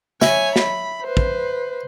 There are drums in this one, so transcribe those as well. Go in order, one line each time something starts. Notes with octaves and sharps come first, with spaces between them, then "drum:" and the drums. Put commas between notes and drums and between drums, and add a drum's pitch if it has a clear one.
E4 C#5 G#5, drum: snare
B5, drum: snare
B4 C5
drum: kick